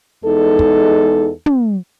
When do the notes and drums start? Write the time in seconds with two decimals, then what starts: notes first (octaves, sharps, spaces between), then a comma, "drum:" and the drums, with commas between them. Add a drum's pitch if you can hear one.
0.24 E2 G#3 D#4 A4
0.59 drum: kick
1.46 drum: tom